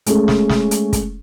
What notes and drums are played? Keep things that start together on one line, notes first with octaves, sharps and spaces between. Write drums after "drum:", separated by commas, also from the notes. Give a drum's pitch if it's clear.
G#3 A3 C#4 G#4 A4, drum: hi-hat
drum: snare
drum: snare
drum: hi-hat
drum: kick, hi-hat